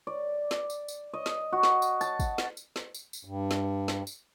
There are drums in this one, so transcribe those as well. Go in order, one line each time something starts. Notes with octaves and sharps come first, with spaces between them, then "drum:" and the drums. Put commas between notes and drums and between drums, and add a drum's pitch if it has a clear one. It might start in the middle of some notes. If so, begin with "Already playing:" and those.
D5
drum: snare
drum: tambourine
drum: tambourine
D#5
drum: snare
F#4
drum: snare
drum: tambourine
A5, drum: tambourine
drum: kick, tambourine
drum: snare
drum: tambourine
drum: snare
drum: tambourine
drum: tambourine
G2
drum: snare
drum: snare
drum: tambourine